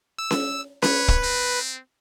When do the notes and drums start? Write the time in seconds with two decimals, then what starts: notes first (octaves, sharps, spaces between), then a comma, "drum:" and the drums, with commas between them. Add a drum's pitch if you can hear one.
0.18 E6
0.31 drum: snare C#4
0.82 B4 C#5, drum: snare C#4
1.08 drum: kick
1.23 C4